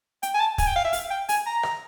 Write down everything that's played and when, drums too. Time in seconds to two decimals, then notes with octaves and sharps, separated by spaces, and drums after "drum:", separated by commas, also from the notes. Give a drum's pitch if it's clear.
0.23 G5, drum: hi-hat
0.34 G#5
0.40 A5
0.58 G#5, drum: kick, open hi-hat
0.67 G5
0.76 F5
0.84 E5
0.93 F5, drum: open hi-hat
1.10 G5
1.29 G#5, drum: open hi-hat
1.46 A#5
1.63 drum: rim click